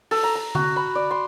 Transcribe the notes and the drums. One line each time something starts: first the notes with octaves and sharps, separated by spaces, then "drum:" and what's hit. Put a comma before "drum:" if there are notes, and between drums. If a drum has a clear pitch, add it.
A4, drum: open hi-hat
A#5
A#5
F#4, drum: tom D3
B5
D5
C6